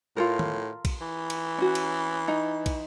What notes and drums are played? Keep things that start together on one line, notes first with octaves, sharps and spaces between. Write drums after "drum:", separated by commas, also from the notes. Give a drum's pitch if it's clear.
A2 F4 A4 A#4
drum: tom D#3
drum: kick, cymbal
E3
drum: cymbal
C#4 F#4
drum: cymbal
D#4
drum: kick, cymbal